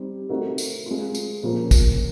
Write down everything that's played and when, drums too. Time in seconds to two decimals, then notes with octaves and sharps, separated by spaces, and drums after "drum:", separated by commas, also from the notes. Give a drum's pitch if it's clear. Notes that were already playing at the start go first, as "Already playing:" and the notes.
Already playing: G3 C4 D#4 G4
0.29 A3 C4 D#4 F#4 A#4
0.58 drum: tambourine
0.86 G#3 C4 F4
1.15 drum: tambourine
1.43 A#2 F3 A#3 C#4 F4
1.71 drum: kick, tambourine